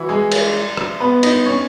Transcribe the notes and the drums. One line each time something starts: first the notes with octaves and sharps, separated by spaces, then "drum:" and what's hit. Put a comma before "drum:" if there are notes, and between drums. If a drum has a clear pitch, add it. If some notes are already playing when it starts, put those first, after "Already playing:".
Already playing: E3 E4 F#4
G#3 G#4
drum: cymbal
drum: rim click
B3 B4
D#4 D#5, drum: cymbal
C#4 C#5